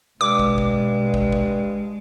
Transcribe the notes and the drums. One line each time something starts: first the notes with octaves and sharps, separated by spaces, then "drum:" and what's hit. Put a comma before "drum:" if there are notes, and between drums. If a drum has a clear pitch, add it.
G2 B2 G#3 D6
drum: kick
drum: kick
drum: kick
drum: kick